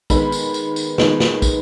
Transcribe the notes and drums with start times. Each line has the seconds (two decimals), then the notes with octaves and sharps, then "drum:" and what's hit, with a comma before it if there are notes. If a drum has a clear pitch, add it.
0.10 D#3 G#3 B3 B5, drum: kick, tambourine
0.32 drum: tambourine
0.54 drum: tambourine
0.76 drum: tambourine
0.98 D#3 G#3 B3, drum: snare
1.20 drum: snare
1.42 drum: kick, tambourine